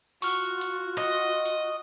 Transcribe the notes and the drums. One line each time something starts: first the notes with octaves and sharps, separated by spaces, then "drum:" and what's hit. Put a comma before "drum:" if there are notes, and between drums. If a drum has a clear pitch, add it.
F4 F#4 C#6 F6, drum: open hi-hat
drum: hi-hat
D#5
drum: hi-hat